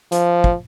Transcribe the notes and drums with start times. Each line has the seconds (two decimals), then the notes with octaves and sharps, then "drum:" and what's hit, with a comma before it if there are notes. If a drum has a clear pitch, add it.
0.12 F3, drum: hi-hat
0.44 drum: kick